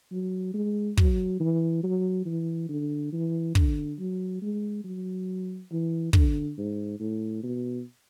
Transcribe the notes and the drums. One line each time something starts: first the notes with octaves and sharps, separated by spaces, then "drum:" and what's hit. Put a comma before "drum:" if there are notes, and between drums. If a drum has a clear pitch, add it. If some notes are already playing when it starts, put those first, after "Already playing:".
F#3
G#3
F#3, drum: kick
E3
F#3
E3
D3
E3
D3, drum: kick
F#3
G#3
F#3
E3
D3, drum: kick
G#2
A2
B2